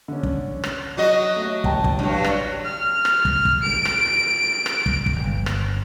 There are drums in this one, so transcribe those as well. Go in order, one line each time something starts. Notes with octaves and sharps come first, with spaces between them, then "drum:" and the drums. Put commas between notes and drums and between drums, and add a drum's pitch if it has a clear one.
D3 C#4
drum: kick
drum: rim click
F#3 F#4 D#5
A3
A1 G5 A5, drum: kick
drum: kick
G2 F#3
drum: rim click
F6
drum: rim click
drum: kick
drum: kick
D7
drum: rim click
drum: rim click
drum: kick
drum: kick
G1
drum: rim click